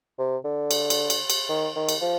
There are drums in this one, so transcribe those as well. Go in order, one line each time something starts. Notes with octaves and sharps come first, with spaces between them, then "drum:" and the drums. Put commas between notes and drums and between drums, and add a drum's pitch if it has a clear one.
C3
D3
drum: cymbal
drum: cymbal
drum: cymbal
drum: cymbal
D#3
D#3
drum: cymbal
F3